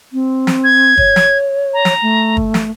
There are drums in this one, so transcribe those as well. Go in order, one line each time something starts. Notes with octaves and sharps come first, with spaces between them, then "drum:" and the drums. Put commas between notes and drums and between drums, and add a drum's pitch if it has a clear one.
C4
drum: snare
G#6
C#5, drum: kick
drum: snare
A#5
drum: snare
A3
drum: kick
drum: snare